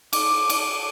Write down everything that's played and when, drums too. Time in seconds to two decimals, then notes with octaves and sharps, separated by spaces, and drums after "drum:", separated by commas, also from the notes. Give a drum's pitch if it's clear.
0.13 D6, drum: cymbal
0.50 drum: cymbal